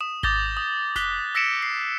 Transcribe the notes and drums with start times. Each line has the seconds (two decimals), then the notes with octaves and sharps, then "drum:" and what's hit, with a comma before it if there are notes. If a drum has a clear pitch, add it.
0.01 D#6 E7
0.23 D6 D#6 G6 A6 A#6 G7, drum: kick G#1
0.57 D#6
0.96 D6 F#6 B6 G7, drum: snare F1
1.35 E6 A#6 B6 C#7 D7 E7
1.62 C7